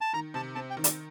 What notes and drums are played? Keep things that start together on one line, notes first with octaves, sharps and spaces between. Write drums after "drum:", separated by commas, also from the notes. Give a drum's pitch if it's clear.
A5
D#3 A#5
C3 A5
C4 A5
G5
D#3
D5, drum: hi-hat